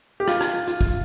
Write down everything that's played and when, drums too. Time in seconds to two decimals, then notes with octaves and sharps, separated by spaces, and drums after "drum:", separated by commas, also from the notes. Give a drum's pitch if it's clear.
0.20 G4
0.28 F4, drum: rim click
0.41 drum: rim click
0.68 F4, drum: hi-hat
0.81 drum: kick